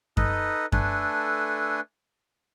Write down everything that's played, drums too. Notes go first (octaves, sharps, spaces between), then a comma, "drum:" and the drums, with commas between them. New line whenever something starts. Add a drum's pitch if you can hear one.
D#4 A4 B4 D#5, drum: kick F#2
A3 D4 A4 B4 G#5, drum: kick F#2